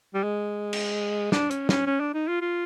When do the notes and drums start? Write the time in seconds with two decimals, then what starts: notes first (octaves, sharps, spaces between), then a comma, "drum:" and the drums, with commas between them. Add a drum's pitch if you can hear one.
0.14 G3
0.23 G#3
0.73 drum: cymbal
1.32 D4, drum: snare
1.51 C#4, drum: hi-hat
1.69 C#4, drum: snare
1.87 C#4
2.00 D4
2.14 D#4
2.28 F4
2.41 F4